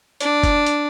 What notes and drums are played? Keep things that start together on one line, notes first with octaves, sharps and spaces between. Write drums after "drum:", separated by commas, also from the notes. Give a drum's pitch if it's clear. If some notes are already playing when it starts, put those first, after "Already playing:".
D4, drum: hi-hat
drum: kick F#1, hi-hat
drum: hi-hat